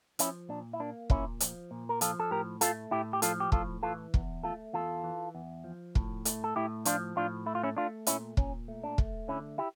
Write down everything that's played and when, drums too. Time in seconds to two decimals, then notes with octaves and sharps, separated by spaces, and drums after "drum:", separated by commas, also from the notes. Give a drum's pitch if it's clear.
0.19 F3 C#4 E4, drum: hi-hat
0.49 A#2 D4
0.73 E4
0.80 A#3 D4
1.10 A#2 C#4 E4, drum: kick
1.40 F3, drum: hi-hat
1.71 A#2
1.89 A#4
2.01 F3 F4 A4, drum: hi-hat
2.20 A4
2.31 A2 G4 A#4
2.61 A3 F4 A4, drum: hi-hat
2.91 A2 E4 G4
3.13 G4
3.22 F3 F4 A4, drum: hi-hat
3.40 G4
3.52 A2 F4 A4, drum: kick
3.83 E3 F4 A4
4.14 E2, drum: kick
4.43 A3 F4 A4
4.73 E2 F4 A4
5.04 E3
5.35 E2
5.64 F3
5.95 A2, drum: kick
6.25 A3, drum: hi-hat
6.44 A4
6.56 A2 E4 G4
6.85 F3 D4 F4, drum: hi-hat
7.16 A2 D4 F4
7.46 A3 E4
7.55 F4
7.63 C#4 E4
7.77 A3 D4 F4
8.07 A#2 C#4 E4, drum: hi-hat
8.37 A#2 C#4, drum: kick
8.68 A3
8.84 D4
8.98 A3, drum: kick
9.28 D3 C#4 E4
9.58 E4 G4